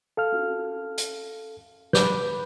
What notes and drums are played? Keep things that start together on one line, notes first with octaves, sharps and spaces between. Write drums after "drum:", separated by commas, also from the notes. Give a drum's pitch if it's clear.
A4 F5 F6
drum: cymbal
drum: hi-hat
B4 D6 G6, drum: snare